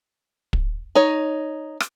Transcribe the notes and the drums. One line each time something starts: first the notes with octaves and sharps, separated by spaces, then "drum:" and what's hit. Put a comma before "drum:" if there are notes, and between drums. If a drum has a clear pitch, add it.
drum: kick
D#4 C#5
drum: rim click